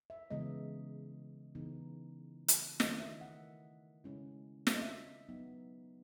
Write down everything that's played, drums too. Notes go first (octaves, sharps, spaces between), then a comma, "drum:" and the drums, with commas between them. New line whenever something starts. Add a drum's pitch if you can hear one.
E5
C#3 E3 G#3 B3 D#5
C#3 E3 B3 D#4
drum: hi-hat
D#3 A3 E4 D#5, drum: snare
E5
F#5
C#3 G#3 C#4 E4
E5, drum: snare
D#5
E5
F#3 B3 D#4